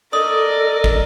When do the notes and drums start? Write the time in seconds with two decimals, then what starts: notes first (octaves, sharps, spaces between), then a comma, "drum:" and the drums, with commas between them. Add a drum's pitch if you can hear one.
0.13 A4 A#4 D5 D#5 D#6
0.84 drum: kick